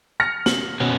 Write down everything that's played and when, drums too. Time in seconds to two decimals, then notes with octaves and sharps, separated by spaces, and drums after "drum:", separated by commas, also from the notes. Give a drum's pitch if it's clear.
0.20 F6 A#6 C#7
0.46 F#7, drum: snare
0.80 B2 C#4 F#4